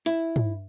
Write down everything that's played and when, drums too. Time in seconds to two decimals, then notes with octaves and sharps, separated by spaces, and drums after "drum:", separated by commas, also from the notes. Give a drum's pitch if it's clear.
0.06 E4, drum: hi-hat
0.36 drum: tom